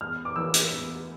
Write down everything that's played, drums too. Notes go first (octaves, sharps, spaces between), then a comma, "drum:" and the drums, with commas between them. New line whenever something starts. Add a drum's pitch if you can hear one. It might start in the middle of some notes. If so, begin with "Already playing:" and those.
E2 F6
D6
E3 A#3 E6
drum: hi-hat
E2